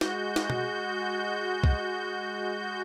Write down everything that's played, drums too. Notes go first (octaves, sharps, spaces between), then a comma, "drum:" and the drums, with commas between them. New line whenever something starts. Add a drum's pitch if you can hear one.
G#3 F#4 G6, drum: snare
drum: snare
drum: tom B2
drum: kick C2